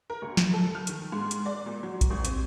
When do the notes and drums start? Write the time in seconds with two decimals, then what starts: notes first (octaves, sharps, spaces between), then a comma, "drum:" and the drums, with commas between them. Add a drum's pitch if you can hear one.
0.10 A#4
0.22 D2
0.37 drum: snare
0.53 A4
0.75 F6
0.87 D#3, drum: hi-hat
1.12 G#2
1.31 drum: hi-hat
1.46 D5
1.66 A#2
1.83 F#3
2.01 drum: kick A#1, hi-hat
2.10 G#1
2.25 C4, drum: hi-hat